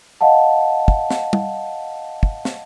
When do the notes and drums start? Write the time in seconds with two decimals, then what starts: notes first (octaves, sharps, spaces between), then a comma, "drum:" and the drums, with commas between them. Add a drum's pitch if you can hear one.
0.21 D#5 F5 F#5 A5
0.88 drum: kick
1.10 drum: snare
1.33 drum: tom
2.23 drum: kick
2.45 drum: snare